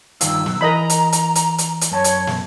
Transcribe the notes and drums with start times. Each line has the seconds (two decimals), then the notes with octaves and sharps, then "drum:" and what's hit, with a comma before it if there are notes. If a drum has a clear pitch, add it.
0.21 G2 D#3 F4 E6, drum: hi-hat
0.46 F#3, drum: snare
0.61 E3 A#4 D#5 A#5 B5
0.90 drum: hi-hat
1.13 drum: hi-hat
1.35 drum: hi-hat
1.58 drum: hi-hat
1.81 drum: hi-hat
1.91 F#2 C#5 A5
2.04 drum: hi-hat
2.27 drum: snare